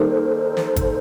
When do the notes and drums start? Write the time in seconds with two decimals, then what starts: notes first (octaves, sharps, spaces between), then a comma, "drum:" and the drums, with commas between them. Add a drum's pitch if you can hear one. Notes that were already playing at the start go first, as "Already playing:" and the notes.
Already playing: D#3 G3 A#3 D#4 A4 A#4 C5
0.57 drum: snare
0.76 drum: kick G1, hi-hat